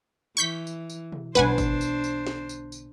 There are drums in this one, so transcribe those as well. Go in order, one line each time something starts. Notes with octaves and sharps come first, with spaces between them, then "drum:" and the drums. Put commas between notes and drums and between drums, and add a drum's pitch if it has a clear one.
E3 C#6 G6 B6
drum: tambourine
drum: tambourine
drum: tom
B1 D3 D4 B4 C5 F#5 G#5, drum: tom F#3
drum: kick G#1, tambourine
drum: tambourine
drum: tambourine
drum: snare
drum: tambourine
drum: tambourine